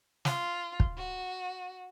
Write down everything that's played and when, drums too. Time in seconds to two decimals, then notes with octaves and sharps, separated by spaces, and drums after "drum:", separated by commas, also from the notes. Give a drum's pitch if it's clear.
0.25 F4, drum: snare
0.80 drum: kick
0.97 F#4